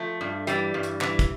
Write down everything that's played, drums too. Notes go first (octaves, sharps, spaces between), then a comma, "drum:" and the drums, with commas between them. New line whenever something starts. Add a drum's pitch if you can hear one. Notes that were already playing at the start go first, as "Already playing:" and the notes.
Already playing: F3 A3
G2
E3 G3, drum: hi-hat
G2
drum: hi-hat
E3, drum: clap
drum: kick, hi-hat